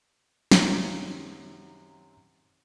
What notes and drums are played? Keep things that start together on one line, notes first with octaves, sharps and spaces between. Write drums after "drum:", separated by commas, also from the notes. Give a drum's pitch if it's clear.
F#2 C3 D#3 F#3 F5, drum: snare